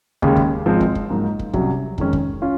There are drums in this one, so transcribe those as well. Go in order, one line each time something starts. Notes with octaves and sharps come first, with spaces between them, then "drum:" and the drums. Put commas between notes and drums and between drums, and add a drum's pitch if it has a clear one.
D#2 C#3 G#3, drum: kick
drum: kick
G#1 G#2 F3 G#3 C4
drum: kick
drum: kick
G#2 F#3 A#3 D#4
drum: kick
C2 C3 F#3 C#4 F#4, drum: kick
F2 D#3 G#3 C#4, drum: kick
drum: kick
C#4 F4